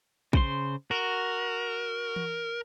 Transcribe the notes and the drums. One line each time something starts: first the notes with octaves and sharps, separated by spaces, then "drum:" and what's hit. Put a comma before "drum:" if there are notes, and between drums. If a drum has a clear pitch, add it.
C#3 C5 C6, drum: kick
F#4 A#4
drum: tom E3